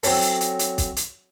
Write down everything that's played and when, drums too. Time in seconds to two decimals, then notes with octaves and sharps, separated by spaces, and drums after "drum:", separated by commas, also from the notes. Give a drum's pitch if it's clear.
0.03 F#3 C4 C#4 A4, drum: open hi-hat
0.22 drum: hi-hat
0.41 drum: hi-hat
0.59 drum: hi-hat
0.78 drum: kick, hi-hat
0.96 drum: hi-hat